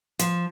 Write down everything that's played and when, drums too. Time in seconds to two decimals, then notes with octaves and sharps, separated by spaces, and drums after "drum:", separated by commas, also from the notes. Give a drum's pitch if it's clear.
0.19 F3, drum: hi-hat